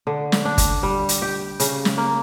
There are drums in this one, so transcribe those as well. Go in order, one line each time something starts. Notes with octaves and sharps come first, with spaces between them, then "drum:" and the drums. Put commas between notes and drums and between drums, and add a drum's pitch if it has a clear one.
D3
drum: snare
D4
drum: kick G1, hi-hat
G3
drum: hi-hat
G4
C#3, drum: hi-hat
drum: snare
A#3